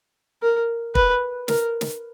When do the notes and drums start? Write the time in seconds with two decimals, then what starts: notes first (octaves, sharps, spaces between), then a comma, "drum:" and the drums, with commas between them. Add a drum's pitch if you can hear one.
0.43 A#4
0.95 B4, drum: kick
1.48 A#4, drum: snare
1.81 drum: snare